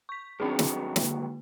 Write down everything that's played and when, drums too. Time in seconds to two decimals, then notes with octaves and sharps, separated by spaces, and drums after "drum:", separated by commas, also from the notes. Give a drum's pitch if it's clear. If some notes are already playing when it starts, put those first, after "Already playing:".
0.09 C#6 B6
0.40 G2 D#3 F#3 C4 D4 G#4
0.59 drum: snare
0.96 D3 A#3, drum: snare